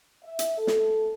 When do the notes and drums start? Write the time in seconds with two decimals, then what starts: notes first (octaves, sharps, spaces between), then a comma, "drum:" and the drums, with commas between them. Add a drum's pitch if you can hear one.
0.25 E5
0.39 drum: hi-hat
0.58 A4
0.67 drum: snare